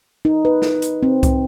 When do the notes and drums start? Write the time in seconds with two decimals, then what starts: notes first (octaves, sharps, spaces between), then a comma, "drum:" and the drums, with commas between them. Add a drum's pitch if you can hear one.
0.25 D#4
0.45 B4
0.62 drum: snare
0.82 drum: hi-hat
1.03 C4
1.23 drum: kick C2, hi-hat